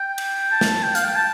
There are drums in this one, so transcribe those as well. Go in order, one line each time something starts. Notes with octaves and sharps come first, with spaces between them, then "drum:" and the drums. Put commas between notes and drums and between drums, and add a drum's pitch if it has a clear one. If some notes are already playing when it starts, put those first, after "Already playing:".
Already playing: G5
drum: cymbal
A5
drum: snare
G5
F5, drum: hi-hat
G5
A5